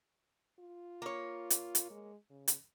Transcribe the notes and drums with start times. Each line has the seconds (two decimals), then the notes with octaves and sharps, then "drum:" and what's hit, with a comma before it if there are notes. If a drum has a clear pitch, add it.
0.59 F4
1.02 A#3 C#5
1.50 drum: hi-hat
1.75 drum: hi-hat
1.90 G#3
2.30 C#3
2.48 drum: hi-hat